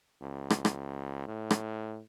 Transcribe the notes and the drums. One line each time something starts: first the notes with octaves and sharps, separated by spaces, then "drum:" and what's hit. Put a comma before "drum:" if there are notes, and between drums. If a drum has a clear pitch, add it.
C#2
drum: rim click
drum: rim click
A2
drum: rim click